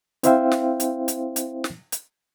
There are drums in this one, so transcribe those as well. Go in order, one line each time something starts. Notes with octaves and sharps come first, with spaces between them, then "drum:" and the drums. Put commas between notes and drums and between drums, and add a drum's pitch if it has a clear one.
C4 E4 C5 E5 F5 G5, drum: hi-hat
drum: snare
drum: hi-hat
drum: hi-hat
drum: hi-hat
drum: snare
drum: hi-hat